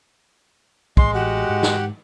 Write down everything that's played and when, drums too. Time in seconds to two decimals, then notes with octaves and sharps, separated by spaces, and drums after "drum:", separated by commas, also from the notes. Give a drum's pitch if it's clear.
0.97 A1 G#3 C6, drum: kick
1.14 F#4 G4 F#5
1.49 G#2
1.63 drum: snare